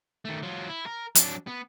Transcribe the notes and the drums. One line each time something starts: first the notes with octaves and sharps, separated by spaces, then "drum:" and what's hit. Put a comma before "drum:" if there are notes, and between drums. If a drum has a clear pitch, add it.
D#3 A3
F#3 F4
E4
A#4
F#3 D4, drum: hi-hat
B3